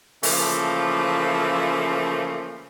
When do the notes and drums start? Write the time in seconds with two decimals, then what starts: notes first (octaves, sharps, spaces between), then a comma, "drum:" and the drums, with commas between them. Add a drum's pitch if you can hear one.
0.23 C#3 E3 F3 A3 A#3, drum: open hi-hat